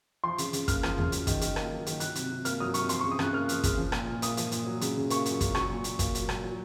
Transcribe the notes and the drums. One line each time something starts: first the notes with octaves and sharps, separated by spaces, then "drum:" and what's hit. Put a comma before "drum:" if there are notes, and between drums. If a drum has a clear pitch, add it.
F3 C6
C#3, drum: hi-hat
C#3, drum: hi-hat
A#3 F6, drum: kick, hi-hat
F3, drum: rim click
C#3, drum: tom D#2
F#3, drum: hi-hat
D#3, drum: kick, hi-hat
D#3, drum: hi-hat
A#3, drum: rim click
F#3
D#3, drum: hi-hat
F#3 F#6, drum: hi-hat
C3, drum: hi-hat
C3
A#3 F6, drum: hi-hat
F#3 D#6
C3 C#6, drum: hi-hat
F3 C6, drum: hi-hat
C#3 C#6
D#6
C#3 F#6, drum: rim click
A#3 F6
F3, drum: hi-hat
C#3, drum: kick, hi-hat
F3
A#2, drum: rim click
A#2
A#3 D#6, drum: hi-hat
F3, drum: hi-hat
A#2, drum: hi-hat
F#3
C#3, drum: hi-hat
C#3
A#3 C#6, drum: hi-hat
F#3, drum: hi-hat
C#3, drum: kick, hi-hat
F#3 C#6, drum: rim click
A#2
A#2, drum: hi-hat
A#3, drum: kick, hi-hat
F#3, drum: hi-hat
A#2, drum: rim click
F#3